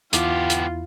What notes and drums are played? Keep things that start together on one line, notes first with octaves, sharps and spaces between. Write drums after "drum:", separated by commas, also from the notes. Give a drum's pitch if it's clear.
E2 B3 E4 F4 G4, drum: hi-hat
drum: hi-hat